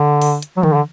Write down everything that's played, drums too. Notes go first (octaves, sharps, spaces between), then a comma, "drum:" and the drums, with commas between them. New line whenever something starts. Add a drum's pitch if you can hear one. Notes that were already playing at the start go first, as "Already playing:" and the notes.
Already playing: D3
drum: open hi-hat
drum: hi-hat
F#3
D#3, drum: tom E3
D3